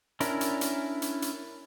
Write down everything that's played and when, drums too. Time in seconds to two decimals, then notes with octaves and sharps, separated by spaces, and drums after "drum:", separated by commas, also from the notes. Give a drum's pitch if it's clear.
0.20 C#4 D4 E4 A#4, drum: hi-hat
0.41 drum: hi-hat
0.61 drum: hi-hat
1.02 drum: hi-hat
1.22 drum: hi-hat